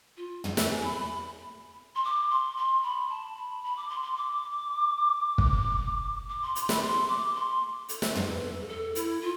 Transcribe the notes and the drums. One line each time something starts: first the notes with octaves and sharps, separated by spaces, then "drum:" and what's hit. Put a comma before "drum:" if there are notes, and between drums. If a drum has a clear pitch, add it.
F4
G#4, drum: tom
A4, drum: snare
G#5
B5
B5
C6
D6
C6
C6
B5
A5
B5
B5
D6
C6
C6
D6
drum: kick
D6
C6
C6, drum: hi-hat
B5, drum: snare
C6
D6
C6
A4, drum: hi-hat
C5, drum: snare
B4, drum: tom
B4
A4
G#4
A4
E4, drum: hi-hat
F4